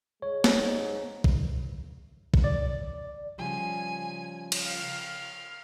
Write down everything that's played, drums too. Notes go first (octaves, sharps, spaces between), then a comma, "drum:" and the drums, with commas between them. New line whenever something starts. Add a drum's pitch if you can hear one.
G#3 C#5
drum: snare
G#2
drum: kick
drum: kick
D5
C#3 F3 G3 G#5
drum: cymbal
F5 F6